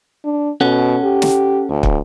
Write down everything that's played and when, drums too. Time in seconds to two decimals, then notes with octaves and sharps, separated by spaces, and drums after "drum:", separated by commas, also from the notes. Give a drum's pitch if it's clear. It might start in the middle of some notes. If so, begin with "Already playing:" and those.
0.25 D4
0.61 B2 C#4 A4 F#5
1.04 G4
1.22 drum: snare
1.69 D2
1.83 drum: kick